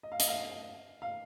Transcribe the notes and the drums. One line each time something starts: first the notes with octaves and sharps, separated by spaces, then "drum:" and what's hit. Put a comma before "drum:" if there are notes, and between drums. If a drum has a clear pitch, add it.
D#5
F5
D#5, drum: hi-hat
F5
F5